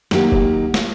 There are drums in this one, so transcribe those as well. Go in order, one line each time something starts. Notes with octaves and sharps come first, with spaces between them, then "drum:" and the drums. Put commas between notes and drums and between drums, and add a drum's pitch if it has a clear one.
D#3 F#3 A#3 G4, drum: snare
drum: kick F1
drum: snare